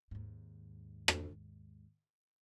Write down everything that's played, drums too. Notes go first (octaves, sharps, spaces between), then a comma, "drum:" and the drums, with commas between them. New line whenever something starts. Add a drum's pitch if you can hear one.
D#2 G#2
drum: rim click